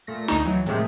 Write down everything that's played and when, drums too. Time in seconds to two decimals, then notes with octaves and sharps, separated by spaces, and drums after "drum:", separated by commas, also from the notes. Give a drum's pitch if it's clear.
0.07 A#2 A3 A#6
0.28 D2 D#4, drum: snare
0.45 E3 F#3
0.66 A2 C3 D#3 F3 G#3 A3, drum: hi-hat